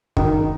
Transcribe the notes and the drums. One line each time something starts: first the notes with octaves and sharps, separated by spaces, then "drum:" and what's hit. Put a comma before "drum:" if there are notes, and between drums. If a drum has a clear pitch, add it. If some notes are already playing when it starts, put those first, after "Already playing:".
D#3, drum: kick